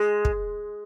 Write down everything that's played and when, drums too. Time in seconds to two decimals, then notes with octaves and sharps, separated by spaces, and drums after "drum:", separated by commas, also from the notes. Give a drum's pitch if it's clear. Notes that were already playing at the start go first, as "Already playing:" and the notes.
Already playing: G#3
0.25 drum: kick